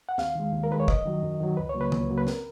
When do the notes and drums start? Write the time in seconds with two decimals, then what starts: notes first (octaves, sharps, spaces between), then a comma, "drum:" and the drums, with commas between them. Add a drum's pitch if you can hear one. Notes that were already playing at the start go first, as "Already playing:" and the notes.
0.09 F#5
0.18 D#2 F5, drum: snare
0.35 D#3 G#3
0.53 D#2
0.64 A#4
0.71 D#3 G#3 B4
0.80 C#5
0.88 F#2 D#5, drum: kick
1.05 D#3 F#3
1.23 F#2
1.40 D#3 F#3
1.57 C#2 B4
1.69 C#5
1.74 C#3 F#3 A#3
1.81 B4
1.92 C#2, drum: tom
2.09 C#3 F#3 A#3
2.18 B4
2.27 A#4, drum: snare